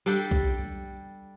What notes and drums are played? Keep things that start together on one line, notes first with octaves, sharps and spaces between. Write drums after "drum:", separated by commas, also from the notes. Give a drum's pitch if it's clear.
G3 D4 A4 G5
drum: kick B1